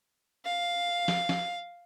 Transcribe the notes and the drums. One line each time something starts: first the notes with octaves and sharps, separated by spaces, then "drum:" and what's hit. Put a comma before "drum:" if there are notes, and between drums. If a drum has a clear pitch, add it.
F5
drum: snare
drum: snare